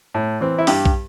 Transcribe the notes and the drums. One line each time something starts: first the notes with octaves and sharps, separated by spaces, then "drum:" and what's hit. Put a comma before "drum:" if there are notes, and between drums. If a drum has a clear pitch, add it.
A2
E3 C4
E4
G2 G4, drum: open hi-hat
drum: kick